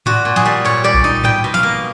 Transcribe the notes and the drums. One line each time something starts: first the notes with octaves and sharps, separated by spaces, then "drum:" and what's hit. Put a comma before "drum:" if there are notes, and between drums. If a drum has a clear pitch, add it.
A#2 F#4, drum: tom G#2
A#2
G#4, drum: snare
G3
A#2 C#5
G3 D5
drum: kick A#1
D#4
B2 G5, drum: tom G#2
B2
F5, drum: snare
A#3